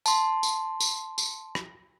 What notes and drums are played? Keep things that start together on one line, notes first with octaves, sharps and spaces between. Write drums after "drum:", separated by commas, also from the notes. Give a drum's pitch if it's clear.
A5 C6, drum: tambourine
drum: tambourine
drum: tambourine
drum: tambourine
drum: rim click